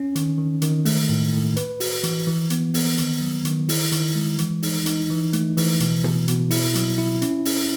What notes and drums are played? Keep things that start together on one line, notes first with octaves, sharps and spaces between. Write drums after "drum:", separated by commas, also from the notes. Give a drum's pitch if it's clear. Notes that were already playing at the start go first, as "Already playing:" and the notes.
Already playing: C#4
D#3, drum: hi-hat
D#3
D#3, drum: hi-hat
A3, drum: open hi-hat
A2
A2
B4, drum: hi-hat
F#4, drum: open hi-hat
E3, drum: hi-hat
E3
B3, drum: hi-hat
B3, drum: open hi-hat
D#3, drum: hi-hat
F#3
D#3, drum: hi-hat
E4, drum: open hi-hat
D#3, drum: hi-hat
G#3
E3, drum: hi-hat
D#4, drum: open hi-hat
D#4, drum: hi-hat
E3
A3, drum: hi-hat
E3, drum: open hi-hat
B2, drum: hi-hat
B2, drum: tom
B2, drum: hi-hat
E4, drum: open hi-hat
F#3, drum: hi-hat
E4
C#4, drum: hi-hat
C#4, drum: open hi-hat